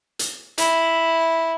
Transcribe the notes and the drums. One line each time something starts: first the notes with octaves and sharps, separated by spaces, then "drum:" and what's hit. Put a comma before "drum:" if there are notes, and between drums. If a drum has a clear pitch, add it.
drum: hi-hat
E4, drum: hi-hat